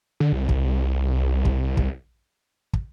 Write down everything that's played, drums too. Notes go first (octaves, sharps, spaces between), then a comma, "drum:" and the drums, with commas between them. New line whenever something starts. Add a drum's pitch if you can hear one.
D3
C2
drum: kick
drum: kick
drum: kick
drum: kick